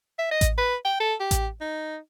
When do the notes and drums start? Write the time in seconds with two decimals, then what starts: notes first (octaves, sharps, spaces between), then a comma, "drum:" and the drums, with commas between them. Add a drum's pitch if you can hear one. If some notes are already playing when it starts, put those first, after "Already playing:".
0.19 E5
0.31 D#5
0.41 drum: kick A1, hi-hat
0.58 B4
0.85 G5
1.00 A4
1.20 G4
1.31 drum: kick A1, hi-hat
1.61 D#4